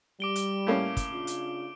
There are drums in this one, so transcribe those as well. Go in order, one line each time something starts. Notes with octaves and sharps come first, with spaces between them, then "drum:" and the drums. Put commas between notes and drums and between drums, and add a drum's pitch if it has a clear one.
G3 D6 D7 G7
drum: hi-hat
A2 A#3 C#4
drum: kick, hi-hat
C#3 D4 F4
drum: hi-hat